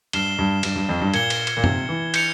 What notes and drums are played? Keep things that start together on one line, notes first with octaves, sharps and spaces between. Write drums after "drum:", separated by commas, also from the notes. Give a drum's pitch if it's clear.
G2 F6 C7 E7 G7, drum: cymbal
G2
G2, drum: cymbal
G2
F2
G2
A#2 G#6 C#7 G7, drum: cymbal
drum: cymbal
drum: cymbal
A#2
C3, drum: tom F#2
E3
G6 C#7 F7, drum: cymbal